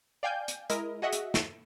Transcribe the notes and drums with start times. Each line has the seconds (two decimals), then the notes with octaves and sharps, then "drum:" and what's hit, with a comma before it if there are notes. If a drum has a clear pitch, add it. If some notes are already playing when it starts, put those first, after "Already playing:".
0.23 D5 F5 G5 G#5 G6
0.48 drum: hi-hat
0.70 G#3 E4 A#4 D#5, drum: hi-hat
1.02 F#4 G#4 D#5 E5 F#5
1.13 drum: hi-hat
1.34 drum: snare